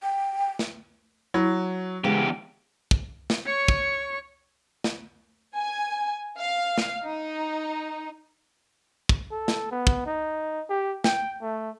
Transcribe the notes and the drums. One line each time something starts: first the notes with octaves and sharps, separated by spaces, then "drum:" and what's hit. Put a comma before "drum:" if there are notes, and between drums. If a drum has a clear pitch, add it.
G5
drum: snare
F#3 E4
E2 C#3 E3 G#3 G4
drum: kick
drum: snare
C#5 C#6
drum: kick
drum: snare
G#5
F5
drum: snare
D#4
drum: kick
A4
drum: snare
B3
drum: kick
D#4
G4
G5, drum: snare
A3